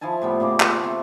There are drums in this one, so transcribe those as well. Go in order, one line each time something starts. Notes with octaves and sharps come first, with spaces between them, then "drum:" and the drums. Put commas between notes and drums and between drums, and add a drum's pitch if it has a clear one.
F3 E4 G#5 A5
A2 G3 B3
A#2 C#3 C4 D6
F4 B4, drum: clap
A3 C4